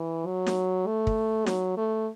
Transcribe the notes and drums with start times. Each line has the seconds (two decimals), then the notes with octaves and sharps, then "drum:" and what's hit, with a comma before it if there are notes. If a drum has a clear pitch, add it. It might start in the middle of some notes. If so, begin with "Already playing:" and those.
Already playing: E3
0.26 F#3
0.46 drum: snare
0.87 A3
1.07 drum: kick
1.46 F#3, drum: snare
1.77 A3